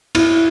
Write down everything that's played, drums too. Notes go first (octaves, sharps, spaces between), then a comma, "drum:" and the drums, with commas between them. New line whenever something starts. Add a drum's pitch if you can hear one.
E4, drum: cymbal